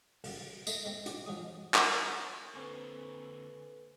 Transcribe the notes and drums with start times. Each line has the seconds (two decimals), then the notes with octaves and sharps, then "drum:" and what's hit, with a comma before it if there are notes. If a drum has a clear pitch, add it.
0.24 B1 C#3 F#3, drum: open hi-hat
0.67 A3 D#4, drum: tambourine
0.85 G#3 C4
1.06 F#4 G4 D5, drum: hi-hat
1.26 F3 F#3 G#3 D#6
1.74 drum: clap
2.55 D3 A#3 C4 A4 B4 G#5 C#6